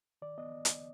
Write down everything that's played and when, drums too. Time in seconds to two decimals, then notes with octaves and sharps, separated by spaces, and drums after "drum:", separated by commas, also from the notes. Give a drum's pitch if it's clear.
0.22 D#3 D5
0.38 B3 D#5
0.65 drum: hi-hat